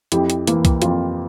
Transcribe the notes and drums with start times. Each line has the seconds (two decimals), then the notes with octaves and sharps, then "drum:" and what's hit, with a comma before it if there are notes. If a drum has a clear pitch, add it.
0.12 F2 E4 G4, drum: hi-hat
0.30 drum: hi-hat
0.47 E3 A#3, drum: hi-hat
0.65 drum: kick C2, hi-hat
0.82 F2 F4, drum: hi-hat